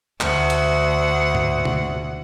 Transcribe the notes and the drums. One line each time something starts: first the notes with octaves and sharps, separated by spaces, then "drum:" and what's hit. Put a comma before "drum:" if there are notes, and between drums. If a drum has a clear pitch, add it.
D2 F#5, drum: clap
drum: hi-hat
drum: tom G#2
drum: tom B2